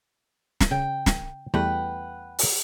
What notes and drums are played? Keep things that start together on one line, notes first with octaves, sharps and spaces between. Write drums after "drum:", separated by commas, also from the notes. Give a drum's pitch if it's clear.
drum: snare
C#3 G5
drum: snare
E2 G3 A3 B4 F#5 G5
drum: open hi-hat